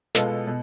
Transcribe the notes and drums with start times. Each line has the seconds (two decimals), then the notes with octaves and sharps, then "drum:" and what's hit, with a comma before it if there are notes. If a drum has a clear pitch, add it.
0.15 B2 G#3 B3 F4 A4, drum: snare
0.47 B2